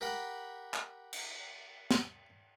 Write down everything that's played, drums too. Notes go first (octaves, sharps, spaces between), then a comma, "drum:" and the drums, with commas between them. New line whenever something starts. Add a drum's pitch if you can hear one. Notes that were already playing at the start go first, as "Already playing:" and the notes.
G4 A#4 F#5 G5 B5
drum: clap
drum: cymbal
drum: snare